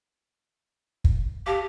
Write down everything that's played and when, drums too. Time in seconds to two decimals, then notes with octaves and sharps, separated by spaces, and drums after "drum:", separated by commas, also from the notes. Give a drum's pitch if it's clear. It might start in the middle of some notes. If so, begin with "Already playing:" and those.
1.04 drum: kick
1.47 G4 F5 A5